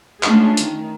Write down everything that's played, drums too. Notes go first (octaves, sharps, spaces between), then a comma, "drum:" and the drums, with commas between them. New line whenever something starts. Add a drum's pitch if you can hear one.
G#3 A3 C#4 D4 F4 G#4, drum: clap
D#3, drum: hi-hat